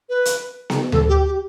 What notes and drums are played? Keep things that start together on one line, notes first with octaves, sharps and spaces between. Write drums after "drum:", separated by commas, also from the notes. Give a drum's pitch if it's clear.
B4
drum: hi-hat
drum: snare B3
A4, drum: tom D2
G4
G4